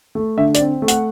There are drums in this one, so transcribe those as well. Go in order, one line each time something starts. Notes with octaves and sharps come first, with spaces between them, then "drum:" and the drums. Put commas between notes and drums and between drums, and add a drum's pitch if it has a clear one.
A3
D3 E5
D5, drum: hi-hat
C4
A3
F#5, drum: hi-hat